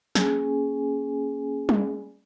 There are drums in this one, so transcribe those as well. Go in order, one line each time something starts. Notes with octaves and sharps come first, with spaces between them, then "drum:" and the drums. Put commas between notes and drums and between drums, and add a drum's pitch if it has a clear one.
A#3 C#4 G#4 G#5, drum: snare
drum: tom G3